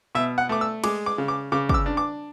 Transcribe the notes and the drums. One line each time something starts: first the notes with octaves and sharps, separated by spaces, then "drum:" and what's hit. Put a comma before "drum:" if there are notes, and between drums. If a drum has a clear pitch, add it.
B2 E5
F#5
A3 D6
E6
G#3 D6, drum: cymbal
D6
C#3
D6
C#3 D6
D6, drum: kick
E6
D4
D6